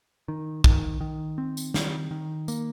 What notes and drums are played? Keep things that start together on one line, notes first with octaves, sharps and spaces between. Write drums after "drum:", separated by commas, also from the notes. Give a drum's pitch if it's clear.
D#3
D#3, drum: kick
D#3
C4
drum: tambourine
D#3, drum: snare
D#3
A#3, drum: tambourine